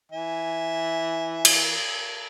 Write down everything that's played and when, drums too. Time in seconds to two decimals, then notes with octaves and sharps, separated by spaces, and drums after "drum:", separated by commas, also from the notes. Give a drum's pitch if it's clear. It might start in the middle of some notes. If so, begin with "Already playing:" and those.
0.12 E3 E5 G#5
1.45 drum: cymbal